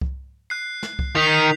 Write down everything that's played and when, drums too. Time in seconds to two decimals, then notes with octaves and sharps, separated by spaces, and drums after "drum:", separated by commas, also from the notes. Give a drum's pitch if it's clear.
0.01 drum: kick C2
0.50 F#6 C7
0.83 drum: snare
0.99 drum: kick C2
1.15 D#3 D#4 G6 B6 F7